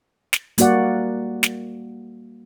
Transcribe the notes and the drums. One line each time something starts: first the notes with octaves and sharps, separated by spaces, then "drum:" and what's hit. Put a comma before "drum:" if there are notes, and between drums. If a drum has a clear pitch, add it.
drum: snare
G3 A#3 F#4 D5 F#5, drum: hi-hat
drum: snare